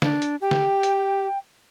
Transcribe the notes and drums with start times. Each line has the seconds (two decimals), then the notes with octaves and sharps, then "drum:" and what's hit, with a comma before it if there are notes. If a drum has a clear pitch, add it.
0.02 D4, drum: snare D3
0.22 drum: hi-hat
0.41 G4 G5
0.51 drum: snare D3
0.83 drum: hi-hat